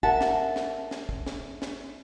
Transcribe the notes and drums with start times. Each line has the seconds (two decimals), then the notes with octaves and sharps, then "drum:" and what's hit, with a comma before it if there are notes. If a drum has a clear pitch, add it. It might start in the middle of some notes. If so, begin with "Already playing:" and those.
0.03 A#4 E5 F#5 A5, drum: kick
0.21 drum: snare
0.56 drum: snare
0.91 drum: snare
1.09 drum: kick
1.26 drum: snare
1.62 drum: snare